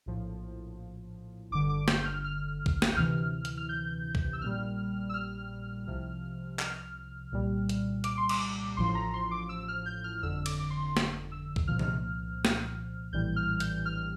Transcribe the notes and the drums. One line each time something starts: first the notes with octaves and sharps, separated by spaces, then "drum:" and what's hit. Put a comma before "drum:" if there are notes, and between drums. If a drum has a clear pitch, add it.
A#1 A2 F3
G1 G2 D3 D6
D6
G6, drum: snare
F6
F6
drum: kick C2
drum: snare
G6
D2 C3 E3 F6
drum: hi-hat
F6
G6
drum: kick C2
E6
A#1 A#2 G3 F6
E6
F6
C2 C3 F3
F6, drum: clap
C2 A#2 G3
drum: hi-hat
D6, drum: hi-hat
C6
D6, drum: cymbal
A1 A2 F3 C6
A#5
C6
D6
E6
F6
G6
F6
G1 F2 D3 E6
D6, drum: cymbal
D6
C6
drum: snare
E6
drum: kick C2
C2 A#2 F3 F6
drum: tom C3
drum: snare
A#1 A2 E3 G3 G6
F6
G6, drum: hi-hat
F6